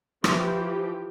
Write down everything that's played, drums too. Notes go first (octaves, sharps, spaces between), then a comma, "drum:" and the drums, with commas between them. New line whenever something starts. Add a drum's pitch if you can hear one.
E3 F3 G4, drum: rim click